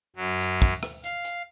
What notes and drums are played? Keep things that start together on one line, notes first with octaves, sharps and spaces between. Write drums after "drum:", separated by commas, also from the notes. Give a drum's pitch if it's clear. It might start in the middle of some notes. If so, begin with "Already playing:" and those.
F#2 F#3
drum: hi-hat
drum: kick, open hi-hat
drum: rim click
F5, drum: hi-hat
drum: hi-hat